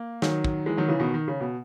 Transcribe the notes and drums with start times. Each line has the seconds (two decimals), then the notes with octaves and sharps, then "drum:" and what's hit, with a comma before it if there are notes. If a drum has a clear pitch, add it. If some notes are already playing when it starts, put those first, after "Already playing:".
Already playing: A#3
0.22 D#3 F#3, drum: snare
0.45 drum: kick
0.66 E3 G#3
0.77 D#3 F#3
0.88 C#3 E3
1.00 B2 D#3
1.14 D#3
1.28 C#3
1.41 B2